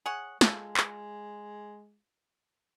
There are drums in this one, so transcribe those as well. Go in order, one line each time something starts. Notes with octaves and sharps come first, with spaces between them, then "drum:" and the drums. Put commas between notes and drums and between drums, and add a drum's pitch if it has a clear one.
G#4 C#5 F#5
G#3 F4 A4, drum: snare
drum: clap